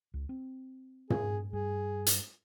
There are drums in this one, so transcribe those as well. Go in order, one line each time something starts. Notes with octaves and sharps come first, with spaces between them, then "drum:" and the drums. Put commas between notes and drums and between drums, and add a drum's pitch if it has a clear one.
C#2
C4
G#4, drum: tom
G2 G#4
drum: hi-hat